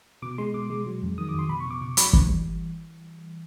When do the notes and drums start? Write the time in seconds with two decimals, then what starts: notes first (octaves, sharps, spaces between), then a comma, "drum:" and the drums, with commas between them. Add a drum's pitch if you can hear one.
0.22 B2 D6
0.38 G#3 C6
0.54 B2 D6
0.70 G#3
0.86 F#3
1.03 F2
1.18 D#3 D#6
1.29 D6
1.34 F2 C6
1.49 B2 B5
1.60 C#6
1.66 B2
1.71 D6
1.81 B2 C#6
1.97 F#3 B5, drum: hi-hat
2.13 E3, drum: kick
2.29 G3